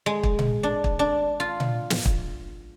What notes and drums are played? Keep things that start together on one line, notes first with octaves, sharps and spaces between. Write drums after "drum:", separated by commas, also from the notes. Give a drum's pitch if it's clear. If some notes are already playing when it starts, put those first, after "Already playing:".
G#3
drum: kick
drum: tom A#2
D4
drum: kick
D4
F4
drum: tom A#2
drum: snare
drum: kick